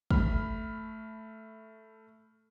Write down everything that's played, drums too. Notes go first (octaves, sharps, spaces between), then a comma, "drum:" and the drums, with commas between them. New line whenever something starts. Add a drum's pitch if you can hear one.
A3 B5 F6, drum: kick